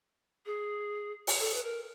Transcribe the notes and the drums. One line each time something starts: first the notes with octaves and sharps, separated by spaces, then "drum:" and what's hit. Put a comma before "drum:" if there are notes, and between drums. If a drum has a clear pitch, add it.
G#4
drum: open hi-hat
A4
B4
A#4